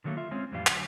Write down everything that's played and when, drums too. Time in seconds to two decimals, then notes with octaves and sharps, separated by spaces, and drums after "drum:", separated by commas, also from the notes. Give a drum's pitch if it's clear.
0.04 D3 D#3 F#3 A3 A#3
0.17 F4 E5
0.31 G#3 C4 C#4 F4
0.52 F2 A2 E3 G3 E4 F4
0.67 D3 F#3, drum: clap